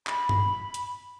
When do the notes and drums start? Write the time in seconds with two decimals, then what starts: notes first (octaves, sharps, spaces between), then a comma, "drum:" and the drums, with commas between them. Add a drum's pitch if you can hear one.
0.07 B5, drum: clap
0.29 drum: tom G2
0.74 drum: hi-hat